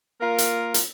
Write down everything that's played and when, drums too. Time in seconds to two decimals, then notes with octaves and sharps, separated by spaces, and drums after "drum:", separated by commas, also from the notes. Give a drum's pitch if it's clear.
0.20 A#3 F4 A#4
0.38 drum: hi-hat
0.74 drum: hi-hat